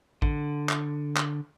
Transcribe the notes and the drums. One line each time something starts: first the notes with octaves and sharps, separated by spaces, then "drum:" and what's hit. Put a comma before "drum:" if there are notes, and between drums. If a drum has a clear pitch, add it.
D3, drum: kick
drum: clap
drum: clap